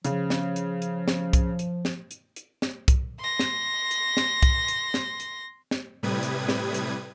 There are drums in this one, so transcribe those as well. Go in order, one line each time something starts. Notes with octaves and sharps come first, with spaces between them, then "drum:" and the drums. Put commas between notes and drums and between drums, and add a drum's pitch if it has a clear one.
C#3 F3, drum: hi-hat
drum: snare
drum: hi-hat
drum: hi-hat
drum: snare
drum: kick C2, hi-hat
drum: hi-hat
drum: snare
drum: hi-hat
drum: hi-hat
drum: snare
drum: kick C2, hi-hat
C6 A#6
drum: snare
drum: hi-hat
drum: snare
drum: kick C2, hi-hat
drum: hi-hat
drum: snare
drum: hi-hat
drum: snare
A2 C3 G3 B4 D#6 G#6
drum: hi-hat
drum: snare
drum: hi-hat